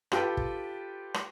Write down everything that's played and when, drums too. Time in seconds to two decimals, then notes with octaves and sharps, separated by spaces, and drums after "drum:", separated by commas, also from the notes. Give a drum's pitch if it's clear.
0.12 F4 G4 A4 B4 G5, drum: rim click
0.37 drum: kick
1.14 drum: rim click